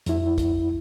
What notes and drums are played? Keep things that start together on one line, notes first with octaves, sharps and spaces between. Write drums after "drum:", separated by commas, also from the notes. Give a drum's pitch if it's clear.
F2 E4, drum: hi-hat
drum: kick, hi-hat